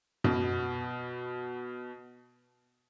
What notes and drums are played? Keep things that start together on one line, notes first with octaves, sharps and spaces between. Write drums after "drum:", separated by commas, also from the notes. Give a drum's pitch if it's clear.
B2 B3, drum: tom F#2